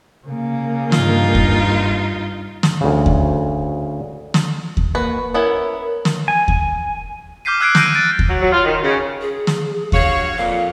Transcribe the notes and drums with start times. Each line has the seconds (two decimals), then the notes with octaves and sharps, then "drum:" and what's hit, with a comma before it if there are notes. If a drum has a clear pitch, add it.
0.27 C#3 A#3
0.92 G2 D#4 F4, drum: snare
1.35 drum: kick D#2
2.63 drum: snare
2.81 D2 C#3
3.06 drum: kick D#2
4.34 drum: snare
4.77 drum: kick D#2
4.95 A#3 F#4 B4
5.34 B3 C#4 E4 A#4
6.05 drum: snare
6.28 G#5
6.48 drum: kick D#2
7.45 D6 F6 G6 B6 C7 D#7
7.61 E6 F#6 G#6 C7 D7
7.75 G6 A#6 D7 D#7, drum: snare
7.95 G6 A6 D7
8.19 drum: kick D#2
8.29 F#3
8.41 F#3
8.52 F4
8.64 D#3
8.82 C#3
9.22 G#4
9.47 drum: snare
9.92 G2 F#4 C#5 F5, drum: kick D#2
10.37 F2 A#2 F5